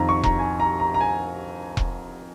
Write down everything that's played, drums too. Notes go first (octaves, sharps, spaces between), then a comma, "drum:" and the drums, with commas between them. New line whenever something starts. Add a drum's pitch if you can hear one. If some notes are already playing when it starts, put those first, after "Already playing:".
Already playing: F2 D#3 A#5
C#6
A#5, drum: kick E1
G#5
A#5
A#5
A#5
G#5
drum: kick E1